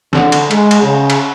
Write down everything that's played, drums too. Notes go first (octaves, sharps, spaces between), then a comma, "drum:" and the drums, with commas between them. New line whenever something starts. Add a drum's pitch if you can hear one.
D3, drum: snare
drum: cymbal
G#3, drum: cymbal
drum: cymbal
C#3
drum: cymbal